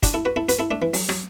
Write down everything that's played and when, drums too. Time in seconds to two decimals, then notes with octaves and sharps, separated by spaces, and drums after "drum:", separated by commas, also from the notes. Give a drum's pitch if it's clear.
0.03 D4 F#4, drum: kick, hi-hat
0.14 E4 A4
0.25 F#4 B4
0.36 E4 A4
0.49 F#4 B4, drum: hi-hat
0.59 E4 A4
0.71 A3 D4
0.82 E3
0.94 F#3, drum: open hi-hat
1.09 F#3, drum: rim click